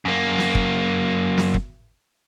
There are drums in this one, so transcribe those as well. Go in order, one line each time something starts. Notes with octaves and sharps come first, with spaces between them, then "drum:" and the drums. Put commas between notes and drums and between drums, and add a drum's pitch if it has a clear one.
F#2 A#3
drum: snare
drum: kick
drum: snare
drum: kick